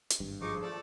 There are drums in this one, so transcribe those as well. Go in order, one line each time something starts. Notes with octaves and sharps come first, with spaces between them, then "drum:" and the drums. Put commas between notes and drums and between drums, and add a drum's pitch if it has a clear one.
drum: hi-hat
G#1 G2
F3 D#4 G#4 C#6 D6
A3 A4 D5